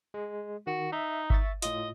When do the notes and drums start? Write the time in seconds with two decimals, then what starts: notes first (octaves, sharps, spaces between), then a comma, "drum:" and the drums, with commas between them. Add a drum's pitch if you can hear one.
0.14 G#3
0.67 D#3 F#4
0.92 D#4 E5
1.30 E5 C#6 A6, drum: kick G1
1.62 A2 F4 D#5, drum: hi-hat